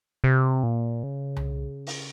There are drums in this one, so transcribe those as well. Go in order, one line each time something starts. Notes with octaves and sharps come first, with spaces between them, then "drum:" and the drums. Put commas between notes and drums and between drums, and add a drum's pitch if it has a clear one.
C3
A#2
C#3
drum: tom C2
drum: open hi-hat